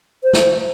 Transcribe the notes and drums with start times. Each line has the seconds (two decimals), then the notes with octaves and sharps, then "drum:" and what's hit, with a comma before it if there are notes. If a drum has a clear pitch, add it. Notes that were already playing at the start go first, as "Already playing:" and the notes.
0.24 C5
0.33 drum: snare